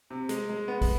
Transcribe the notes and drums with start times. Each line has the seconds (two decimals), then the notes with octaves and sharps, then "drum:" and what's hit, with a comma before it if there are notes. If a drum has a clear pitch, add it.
0.11 C3
0.29 G#3, drum: hi-hat
0.49 G#3
0.68 B3
0.81 drum: kick, open hi-hat